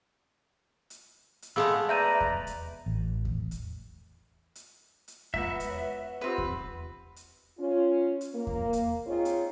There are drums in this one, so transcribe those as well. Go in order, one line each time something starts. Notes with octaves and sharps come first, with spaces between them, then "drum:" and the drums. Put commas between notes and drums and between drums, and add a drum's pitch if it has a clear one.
drum: hi-hat
drum: hi-hat
G#3 A3 B3 G#4 F5 E6
B4 D5 E5 A#5 G6 D#7
drum: kick E2
drum: hi-hat
A1
drum: kick E2
drum: hi-hat
drum: hi-hat
drum: hi-hat
G#3 B3 F4 F#4 E5 A#5, drum: kick E2
drum: hi-hat
B4 C#5
C4 D#4 F4 G4 B4
drum: kick E2
drum: hi-hat
C#4 F4
drum: hi-hat
A#3
drum: kick E2
drum: hi-hat
C4 D#4 F4 G#4 C#5
drum: hi-hat